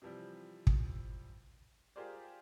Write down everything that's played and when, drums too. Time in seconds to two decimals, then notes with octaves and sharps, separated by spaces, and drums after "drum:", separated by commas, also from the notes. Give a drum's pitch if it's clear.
0.02 C3 E3 F3 G3 C4
0.67 drum: kick
1.96 F4 G4 G#4 A#4 C5 D5